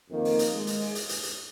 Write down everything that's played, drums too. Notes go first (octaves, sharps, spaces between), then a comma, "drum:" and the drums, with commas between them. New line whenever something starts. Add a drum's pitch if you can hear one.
F2 D#3 A#3
drum: open hi-hat
drum: hi-hat
G#3
drum: hi-hat
drum: open hi-hat
drum: hi-hat
drum: hi-hat
drum: hi-hat